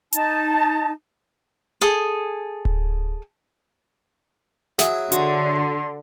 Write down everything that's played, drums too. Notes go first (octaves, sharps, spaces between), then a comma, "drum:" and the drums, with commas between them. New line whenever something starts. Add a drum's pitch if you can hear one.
D#4 A5, drum: hi-hat
G#4 A4 D#6
drum: kick D1
F#3 E4 G#4, drum: snare
D3 F#4 C6, drum: hi-hat